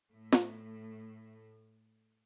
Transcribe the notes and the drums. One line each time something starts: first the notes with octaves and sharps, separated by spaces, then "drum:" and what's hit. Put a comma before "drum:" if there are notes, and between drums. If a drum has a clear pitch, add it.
A2 A3
drum: snare